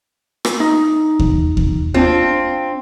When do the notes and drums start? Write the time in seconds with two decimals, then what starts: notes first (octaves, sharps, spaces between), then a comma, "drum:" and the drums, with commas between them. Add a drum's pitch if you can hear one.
0.45 drum: rim click
0.60 D#4
1.19 drum: kick D#2
1.57 drum: kick D#2
1.94 C4 D4 F4